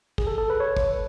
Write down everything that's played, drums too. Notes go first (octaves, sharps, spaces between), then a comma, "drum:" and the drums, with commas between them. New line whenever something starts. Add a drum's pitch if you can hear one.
G#4, drum: kick
A4
A4
B4
C#5
drum: kick